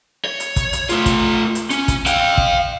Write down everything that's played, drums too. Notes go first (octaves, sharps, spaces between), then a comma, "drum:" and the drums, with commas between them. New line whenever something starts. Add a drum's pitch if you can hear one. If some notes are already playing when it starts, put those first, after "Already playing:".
C#5
drum: hi-hat
drum: kick, hi-hat
drum: hi-hat
A3 F4, drum: hi-hat
drum: kick, hi-hat
drum: hi-hat
C#4, drum: hi-hat
drum: kick, hi-hat
F5 G5, drum: hi-hat
drum: kick